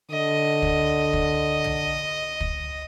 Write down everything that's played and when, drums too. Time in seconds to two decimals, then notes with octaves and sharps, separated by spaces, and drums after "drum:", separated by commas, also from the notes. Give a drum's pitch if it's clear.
0.11 D3 D#5
0.62 drum: kick
1.13 drum: kick
1.64 drum: tom
2.40 drum: kick